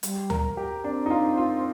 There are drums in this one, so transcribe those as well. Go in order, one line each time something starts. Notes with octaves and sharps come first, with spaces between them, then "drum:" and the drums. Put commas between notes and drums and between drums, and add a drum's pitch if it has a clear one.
G3, drum: hi-hat
A#4, drum: tom D2
G4
C4 D4
D#4
F4
F4